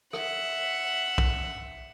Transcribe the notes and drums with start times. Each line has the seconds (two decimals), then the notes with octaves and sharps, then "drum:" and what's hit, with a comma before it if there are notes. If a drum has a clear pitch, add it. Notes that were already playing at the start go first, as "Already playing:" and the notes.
0.13 E5 F#5, drum: rim click
1.18 drum: kick